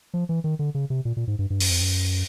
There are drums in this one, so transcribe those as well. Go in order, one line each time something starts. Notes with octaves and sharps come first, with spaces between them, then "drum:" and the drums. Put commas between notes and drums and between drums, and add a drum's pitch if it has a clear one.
F3
E3
D#3
D3
C#3
C3
A#2
A#2
G#2
G2
G2
F#2, drum: open hi-hat
F2
F#2